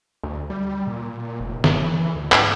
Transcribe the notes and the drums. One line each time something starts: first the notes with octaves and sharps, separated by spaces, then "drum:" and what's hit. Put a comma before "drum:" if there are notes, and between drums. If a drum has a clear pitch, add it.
D2
G3
A#2
F1
G2, drum: snare
E3
D2
G#2, drum: clap